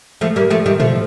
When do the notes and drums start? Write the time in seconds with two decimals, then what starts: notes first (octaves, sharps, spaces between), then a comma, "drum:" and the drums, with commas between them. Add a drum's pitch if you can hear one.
0.21 F3 A3
0.36 G3 A#3
0.50 F3 A3
0.66 D#3 G3
0.80 F3 A3, drum: tom